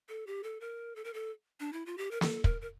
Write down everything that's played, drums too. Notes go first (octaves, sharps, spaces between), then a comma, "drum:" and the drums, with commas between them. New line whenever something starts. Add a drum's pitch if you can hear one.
A4
G4
A4
A#4
A4
A#4
A4
D4
E4
F4
G4
A#4
A4, drum: snare
A#4, drum: kick
A#4